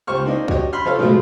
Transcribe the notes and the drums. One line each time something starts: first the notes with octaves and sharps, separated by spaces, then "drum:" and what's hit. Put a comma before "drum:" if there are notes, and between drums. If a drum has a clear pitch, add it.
C#2 G4 C5 C#6 F6
A#3 C4 D4 D#4
D4 F#4 G4 C#5 D#5, drum: kick C2
B5 C6 F6
F3 A4 C#5 F5
G#2 B2 F3 F#3 G#3 A3